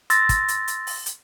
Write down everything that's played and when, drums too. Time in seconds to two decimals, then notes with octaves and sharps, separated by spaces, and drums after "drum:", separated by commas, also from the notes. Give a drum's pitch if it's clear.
0.10 C6 E6 A6 A#6, drum: hi-hat
0.29 drum: kick, hi-hat
0.48 drum: hi-hat
0.68 drum: hi-hat
0.87 drum: open hi-hat
1.06 drum: hi-hat